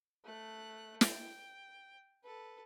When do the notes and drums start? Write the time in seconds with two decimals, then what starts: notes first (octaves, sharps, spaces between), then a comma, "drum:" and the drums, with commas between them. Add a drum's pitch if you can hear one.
0.24 A3 F#6
1.01 G5, drum: snare
2.24 A4 B4